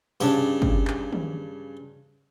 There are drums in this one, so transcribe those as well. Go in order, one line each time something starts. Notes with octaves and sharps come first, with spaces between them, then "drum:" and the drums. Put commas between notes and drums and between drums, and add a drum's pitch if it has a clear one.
G2 C#3 D4, drum: tambourine
drum: kick
drum: clap
drum: tom D#3